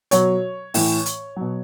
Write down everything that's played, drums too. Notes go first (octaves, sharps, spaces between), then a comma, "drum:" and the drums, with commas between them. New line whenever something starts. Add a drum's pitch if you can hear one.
B2 F#3 C#5, drum: hi-hat
A2 E3, drum: open hi-hat
drum: hi-hat
B2 F#3